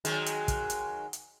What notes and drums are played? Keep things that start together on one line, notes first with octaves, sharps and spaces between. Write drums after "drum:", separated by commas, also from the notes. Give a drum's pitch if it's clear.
D#3 F#3 G#3, drum: hi-hat
drum: hi-hat
drum: kick, hi-hat
drum: hi-hat
drum: hi-hat